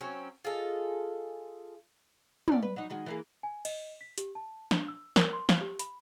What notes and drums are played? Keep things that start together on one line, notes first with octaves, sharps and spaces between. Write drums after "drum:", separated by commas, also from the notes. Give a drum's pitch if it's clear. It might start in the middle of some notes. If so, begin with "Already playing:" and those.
F#3 C4 C#4
F4 G#4 A4 D#5
C#4 D5, drum: tom
B4
F#3 D#4
D#3 G#3 F#4
E3 A#3 G#4
G#5
D#5, drum: cymbal
B6
G4, drum: hi-hat
A5
D4, drum: snare
E6
A#4, drum: snare
C6
F5, drum: snare
G4
B5, drum: hi-hat